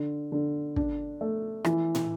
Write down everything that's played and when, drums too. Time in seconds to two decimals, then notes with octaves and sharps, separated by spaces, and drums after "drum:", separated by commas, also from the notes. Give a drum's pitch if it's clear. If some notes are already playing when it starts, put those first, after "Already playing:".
Already playing: D3
0.32 D3
0.76 D4, drum: kick
1.21 A3
1.64 E3, drum: rim click
1.95 drum: tom